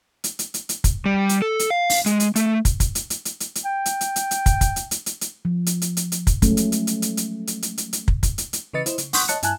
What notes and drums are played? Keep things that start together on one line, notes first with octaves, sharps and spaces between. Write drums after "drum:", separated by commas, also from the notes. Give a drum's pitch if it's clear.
drum: hi-hat
drum: hi-hat
drum: hi-hat
drum: hi-hat
drum: kick, hi-hat
G3
drum: hi-hat
A4
drum: hi-hat
F5
drum: open hi-hat
G#3, drum: hi-hat
drum: hi-hat
A3, drum: hi-hat
drum: kick, hi-hat
drum: kick, hi-hat
drum: hi-hat
drum: hi-hat
drum: hi-hat
drum: hi-hat
drum: hi-hat
G5
drum: hi-hat
drum: hi-hat
drum: hi-hat
drum: hi-hat
drum: kick, hi-hat
drum: kick, hi-hat
drum: hi-hat
drum: hi-hat
drum: hi-hat
drum: hi-hat
F3
drum: hi-hat
drum: hi-hat
drum: hi-hat
drum: hi-hat
drum: kick, hi-hat
F3 F#3 G#3 A3 C#4, drum: kick, hi-hat
drum: hi-hat
drum: hi-hat
drum: hi-hat
drum: hi-hat
drum: hi-hat
drum: hi-hat
drum: hi-hat
drum: hi-hat
drum: hi-hat
drum: kick
drum: kick, hi-hat
drum: hi-hat
drum: hi-hat
C#3 E3 B4 D#5 A6 C#7
E4 C5 D#5, drum: hi-hat
C#3, drum: hi-hat
F#5 C6 C#6 D#6 F#6 G6, drum: open hi-hat
C#5 D#5 A5 F#6 C#7, drum: hi-hat
G2 E4 G#5 A5 F#6, drum: hi-hat